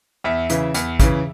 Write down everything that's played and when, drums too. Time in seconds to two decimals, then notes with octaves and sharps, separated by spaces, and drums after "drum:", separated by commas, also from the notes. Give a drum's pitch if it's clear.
0.24 E2 E5
0.50 C#3 E3, drum: hi-hat
0.74 E2, drum: hi-hat
1.00 C#3 E3, drum: kick, hi-hat